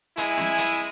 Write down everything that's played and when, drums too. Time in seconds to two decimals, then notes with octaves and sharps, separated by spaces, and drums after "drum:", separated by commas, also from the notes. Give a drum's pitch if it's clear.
0.17 G#3 E4 G#5, drum: hi-hat
0.38 drum: snare
0.58 drum: hi-hat